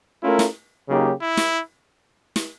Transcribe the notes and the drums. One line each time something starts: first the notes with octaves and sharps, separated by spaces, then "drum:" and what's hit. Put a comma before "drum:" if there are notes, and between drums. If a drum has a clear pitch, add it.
A3 C#4 E4 F4 A#4
drum: snare
C#3 F#3 A#3 D#4 G4
E4
drum: snare
drum: snare